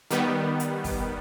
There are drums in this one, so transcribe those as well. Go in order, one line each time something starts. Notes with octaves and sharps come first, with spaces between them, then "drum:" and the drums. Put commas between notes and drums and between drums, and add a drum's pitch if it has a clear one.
D#3 G3 B3, drum: hi-hat
drum: hi-hat
drum: kick, open hi-hat